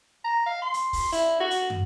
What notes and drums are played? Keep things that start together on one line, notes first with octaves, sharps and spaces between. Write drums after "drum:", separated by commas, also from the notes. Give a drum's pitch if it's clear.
A#5
F5
C6
drum: hi-hat
drum: kick, open hi-hat
E4, drum: hi-hat
F#4
drum: hi-hat
drum: tom